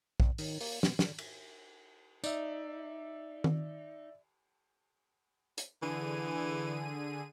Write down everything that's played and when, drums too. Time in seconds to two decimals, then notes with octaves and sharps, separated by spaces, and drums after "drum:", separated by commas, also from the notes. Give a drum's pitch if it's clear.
0.20 C2, drum: kick A#1
0.38 D#3, drum: open hi-hat
0.61 A#3, drum: open hi-hat
0.83 B2, drum: snare
0.99 D3, drum: snare
1.18 drum: cymbal
2.24 D#4 D5 E5, drum: tambourine
3.44 drum: tom D#3
5.58 drum: hi-hat
5.83 D3 E3 G#4 D#7